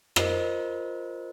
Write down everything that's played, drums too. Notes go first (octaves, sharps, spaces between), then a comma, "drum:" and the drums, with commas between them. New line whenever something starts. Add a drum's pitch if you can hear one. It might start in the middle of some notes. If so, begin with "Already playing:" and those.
F4 A#4 C5 D#5, drum: rim click